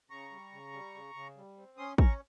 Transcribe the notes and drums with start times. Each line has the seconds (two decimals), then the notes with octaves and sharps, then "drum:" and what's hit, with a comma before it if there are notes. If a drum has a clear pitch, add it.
0.10 C#3 A#5 C#6
0.31 G3
0.52 C#3
0.73 G3
0.95 C#3
1.15 C#3
1.37 G3
1.57 C4
1.77 C#4 C6 D#6
1.98 C#4 A#5 C#6, drum: kick